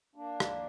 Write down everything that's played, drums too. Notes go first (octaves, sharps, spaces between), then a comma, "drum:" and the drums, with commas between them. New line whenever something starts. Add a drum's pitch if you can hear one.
A#3 D4
drum: rim click